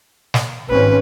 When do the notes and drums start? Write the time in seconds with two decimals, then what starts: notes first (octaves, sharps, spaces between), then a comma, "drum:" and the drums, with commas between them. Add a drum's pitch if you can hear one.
0.34 drum: snare
0.70 G#1 C4 C#4 B4